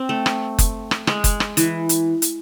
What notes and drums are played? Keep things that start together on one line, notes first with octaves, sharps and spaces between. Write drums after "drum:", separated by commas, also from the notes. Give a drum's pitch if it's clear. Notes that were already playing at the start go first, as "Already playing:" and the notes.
Already playing: C4
A3
drum: rim click
drum: kick F#1, hi-hat
drum: rim click
G#3, drum: rim click
drum: kick F#1, hi-hat
drum: rim click
E3, drum: hi-hat
drum: hi-hat
drum: hi-hat